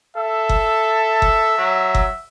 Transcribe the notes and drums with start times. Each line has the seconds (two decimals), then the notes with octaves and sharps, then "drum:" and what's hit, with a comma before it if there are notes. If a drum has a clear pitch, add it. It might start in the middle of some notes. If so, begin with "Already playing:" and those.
0.17 A4 E5
0.49 drum: kick F#1
1.22 drum: kick F#1
1.58 F#3
1.95 drum: kick F#1